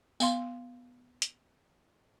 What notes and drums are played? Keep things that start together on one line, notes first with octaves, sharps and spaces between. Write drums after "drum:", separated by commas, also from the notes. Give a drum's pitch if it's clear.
B3 F5 C6, drum: tambourine
drum: hi-hat